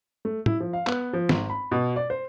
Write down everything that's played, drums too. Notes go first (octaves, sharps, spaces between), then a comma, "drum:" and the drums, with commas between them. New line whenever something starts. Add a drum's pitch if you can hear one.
A3
E4, drum: tom
F3
F5
B3, drum: clap
F3
G#1, drum: snare
B5
B2
D5
C5